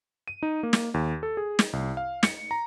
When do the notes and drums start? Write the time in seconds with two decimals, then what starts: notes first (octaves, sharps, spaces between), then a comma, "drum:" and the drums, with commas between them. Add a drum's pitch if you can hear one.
0.28 D#7
0.43 D#4
0.63 A#3
0.73 drum: snare
0.94 D#2
1.23 A4
1.37 G#4
1.59 drum: snare
1.73 C2
1.97 F5
2.23 C#7, drum: snare
2.51 A#5